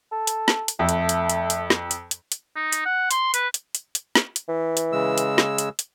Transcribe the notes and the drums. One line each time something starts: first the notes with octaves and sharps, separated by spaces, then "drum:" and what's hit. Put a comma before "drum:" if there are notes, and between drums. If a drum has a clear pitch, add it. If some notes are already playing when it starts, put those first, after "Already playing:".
A4
drum: hi-hat
drum: snare
drum: hi-hat
F2 A3
drum: hi-hat
drum: hi-hat
drum: hi-hat
drum: hi-hat
drum: snare
drum: hi-hat
drum: hi-hat
drum: hi-hat
D#4
drum: hi-hat
F#5
C6, drum: hi-hat
B4, drum: hi-hat
drum: hi-hat
drum: hi-hat
drum: hi-hat
drum: snare
drum: hi-hat
E3
drum: hi-hat
C#3 G#3 E6
drum: hi-hat
drum: snare
drum: hi-hat
drum: hi-hat